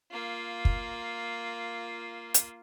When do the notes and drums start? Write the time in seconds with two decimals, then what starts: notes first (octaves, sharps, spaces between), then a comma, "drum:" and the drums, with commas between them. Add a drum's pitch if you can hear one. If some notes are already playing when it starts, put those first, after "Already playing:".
0.11 A#3 F4
0.65 drum: kick
2.34 drum: hi-hat